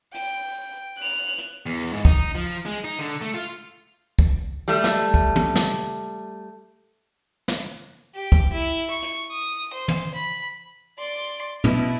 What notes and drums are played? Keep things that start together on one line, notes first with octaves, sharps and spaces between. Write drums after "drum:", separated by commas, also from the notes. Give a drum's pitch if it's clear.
G5, drum: hi-hat
F#6 F7
drum: hi-hat
E2
G#2
D#4, drum: kick
F3
G#3
D#4
D3
A3
F4
drum: kick
G3 A3
drum: snare
drum: kick
drum: tom
drum: snare
drum: snare
G4
drum: kick
E4
C#6
drum: hi-hat
D#6
C5
drum: tom
B5
D5 C6
B2 E4, drum: tom